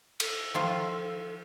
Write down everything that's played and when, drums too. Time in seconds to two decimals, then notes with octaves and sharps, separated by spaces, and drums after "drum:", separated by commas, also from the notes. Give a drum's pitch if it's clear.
0.20 A4, drum: cymbal
0.54 D#3 F3 F4